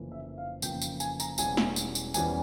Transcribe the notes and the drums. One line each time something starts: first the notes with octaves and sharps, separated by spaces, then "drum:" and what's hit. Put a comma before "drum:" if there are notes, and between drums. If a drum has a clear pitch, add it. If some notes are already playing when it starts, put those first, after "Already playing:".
Already playing: F1 F2 C#3 E3 A#3
E5
F5
F1 F2 C#3 E3 A#3 G5, drum: tambourine
drum: tambourine
G#5, drum: tambourine
A#5, drum: tambourine
E1 E2 E3 G3 C#4 G#5, drum: tambourine
drum: snare
drum: tambourine
drum: tambourine
E1 E2 E3 G3 C#4 G#5, drum: tambourine